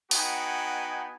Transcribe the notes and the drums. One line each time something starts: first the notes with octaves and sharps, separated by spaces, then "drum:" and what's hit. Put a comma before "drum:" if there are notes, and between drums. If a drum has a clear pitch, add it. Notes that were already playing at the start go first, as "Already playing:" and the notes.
B3 D#4 F#4 G5 G#5, drum: open hi-hat